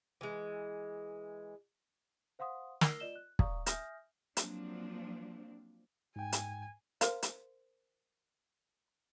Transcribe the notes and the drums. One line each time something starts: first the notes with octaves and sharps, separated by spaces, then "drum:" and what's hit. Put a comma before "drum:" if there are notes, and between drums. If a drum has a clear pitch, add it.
E3 G#3
C5 F5 F#5 C6 D#6
A#4 E6 F6 A#6 C7 G7, drum: snare
F4 D5 D#5 E7 G7
F#6
D5 F5 A#5 C#6 D#6, drum: kick
E5 G#5 D#6 F6 G6 A#6, drum: hi-hat
F3 F#3 A#3 C4 D4, drum: hi-hat
G#2 G5 G#5
drum: hi-hat
A#4 C5 F5, drum: hi-hat
drum: hi-hat